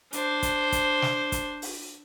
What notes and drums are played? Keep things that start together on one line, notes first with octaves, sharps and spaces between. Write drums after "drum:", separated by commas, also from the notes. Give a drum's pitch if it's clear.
D4 C5, drum: hi-hat
drum: kick, hi-hat
drum: kick, hi-hat
drum: snare
drum: kick, hi-hat
drum: open hi-hat